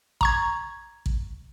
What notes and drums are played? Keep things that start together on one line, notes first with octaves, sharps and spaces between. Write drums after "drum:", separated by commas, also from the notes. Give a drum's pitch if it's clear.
A#5 C#6 G#6, drum: kick
drum: kick